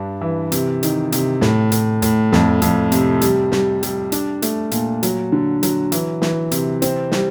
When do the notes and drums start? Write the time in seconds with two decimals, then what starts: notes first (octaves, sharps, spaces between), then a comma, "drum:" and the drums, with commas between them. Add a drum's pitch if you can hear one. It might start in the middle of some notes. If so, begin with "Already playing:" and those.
Already playing: G2 D4
0.21 E3
0.52 C3, drum: hi-hat
0.83 D#3, drum: hi-hat
1.12 C3, drum: hi-hat
1.41 A2, drum: snare
1.72 A2, drum: hi-hat
2.02 A2, drum: hi-hat
2.32 F2, drum: snare
2.62 F2, drum: hi-hat
2.92 C3, drum: hi-hat
3.21 G3, drum: hi-hat
3.52 G3, drum: snare
3.83 G3, drum: hi-hat
4.12 D4, drum: hi-hat
4.42 A3, drum: hi-hat
4.71 A#2, drum: hi-hat
5.03 F#3, drum: hi-hat
5.32 D3
5.63 F#3, drum: hi-hat
5.92 E3, drum: hi-hat
6.22 E3, drum: snare
6.51 C3, drum: hi-hat
6.82 C4, drum: hi-hat
7.12 G3, drum: snare